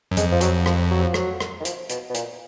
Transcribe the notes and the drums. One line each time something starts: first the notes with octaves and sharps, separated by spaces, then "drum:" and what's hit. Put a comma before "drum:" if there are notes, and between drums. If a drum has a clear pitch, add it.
F#2
F2 G#3, drum: hi-hat
F3
F#3, drum: hi-hat
F3, drum: rim click
F#3
F3
F#3, drum: rim click
drum: rim click
D#3
F3, drum: hi-hat
B2, drum: hi-hat
B2
A#2, drum: hi-hat